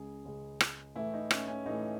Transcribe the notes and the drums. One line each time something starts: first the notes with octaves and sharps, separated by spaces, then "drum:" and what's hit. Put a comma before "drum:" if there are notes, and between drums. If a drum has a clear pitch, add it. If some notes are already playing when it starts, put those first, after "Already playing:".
Already playing: C#2 C#3 G#3 G#4
C#2 C#3 G#3
drum: rim click
A2 E3 A3 E4
D#4
C#4, drum: rim click
C#4
A2 E3 A3 D#4